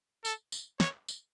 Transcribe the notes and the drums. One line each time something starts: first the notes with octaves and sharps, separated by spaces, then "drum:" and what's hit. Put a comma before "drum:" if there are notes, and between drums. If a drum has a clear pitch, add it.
A4, drum: tambourine
drum: tambourine
C#5, drum: snare
drum: tambourine